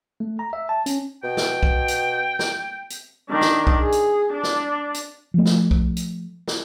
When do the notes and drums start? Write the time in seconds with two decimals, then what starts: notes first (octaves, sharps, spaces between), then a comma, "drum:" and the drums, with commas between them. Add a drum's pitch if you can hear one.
0.20 A3
0.39 A#5
0.53 E5
0.69 A5
0.86 C#4, drum: hi-hat
1.23 B2 G5
1.37 drum: snare
1.63 drum: kick B1
1.88 drum: hi-hat
2.39 drum: snare
2.90 drum: hi-hat
3.30 D#3 D4
3.41 drum: snare
3.67 drum: kick B1
3.80 G#4
3.92 drum: hi-hat
4.33 D4
4.43 drum: snare
4.94 drum: hi-hat
5.34 F3 A3
5.45 drum: snare
5.71 drum: kick B1
5.97 drum: hi-hat
6.48 drum: snare